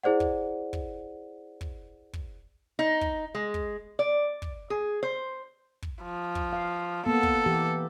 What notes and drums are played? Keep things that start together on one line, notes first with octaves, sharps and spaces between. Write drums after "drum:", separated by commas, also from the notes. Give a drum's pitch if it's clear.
E4 G#4 C5 D5 F#5
drum: kick
drum: kick
drum: kick
drum: kick
D#4
drum: kick
G#3
drum: kick
D5
drum: kick
G#4
C5
drum: kick
F3
drum: kick
F5
A#3 B3 A4
drum: kick
E3 G4